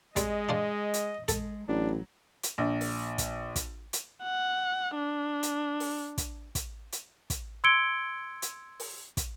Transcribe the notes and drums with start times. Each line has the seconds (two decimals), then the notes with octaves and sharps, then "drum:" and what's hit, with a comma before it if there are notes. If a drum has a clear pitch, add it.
0.16 G3 G#3 C4 D#5, drum: kick, hi-hat
0.49 D4 F4 C5
0.94 drum: hi-hat
1.28 G#3 A4, drum: kick, hi-hat
1.68 A1 F#3 D4
2.43 drum: hi-hat
2.58 A#1
2.81 drum: open hi-hat
3.18 drum: kick, hi-hat
3.56 drum: kick, hi-hat
3.93 drum: hi-hat
4.24 F#5
4.95 D4
5.43 drum: hi-hat
5.80 drum: open hi-hat
6.18 drum: kick, hi-hat
6.55 drum: kick, hi-hat
6.92 drum: hi-hat
7.30 drum: kick, hi-hat
7.64 C6 E6 G#6 C#7 D7 G7
8.42 drum: hi-hat
8.80 drum: open hi-hat
9.17 drum: kick, hi-hat